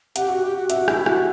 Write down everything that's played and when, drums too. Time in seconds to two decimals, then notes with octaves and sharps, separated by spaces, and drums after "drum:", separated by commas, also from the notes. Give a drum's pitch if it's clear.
0.16 G4 F#5, drum: hi-hat
0.28 F#4
0.43 G4
0.57 F#4
0.70 F#4 E5, drum: hi-hat
0.88 E4, drum: rim click
1.06 F#4, drum: rim click